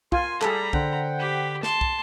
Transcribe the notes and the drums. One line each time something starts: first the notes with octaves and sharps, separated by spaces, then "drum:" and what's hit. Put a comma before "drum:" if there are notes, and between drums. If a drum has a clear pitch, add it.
F4 A#4 G#5 C6, drum: kick
G3 G#4 A4 A#5 B5, drum: clap
D3 C5 F#5 G5, drum: kick
G4 B5
A5 C6, drum: snare
drum: kick